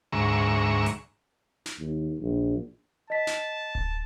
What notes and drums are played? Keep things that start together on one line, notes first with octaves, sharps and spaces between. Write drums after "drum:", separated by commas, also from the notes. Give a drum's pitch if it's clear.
D2 G#2 E5 A#5 C#6
drum: hi-hat
drum: snare
D#2
A#1
D#5 A5 B6
drum: snare
drum: kick D1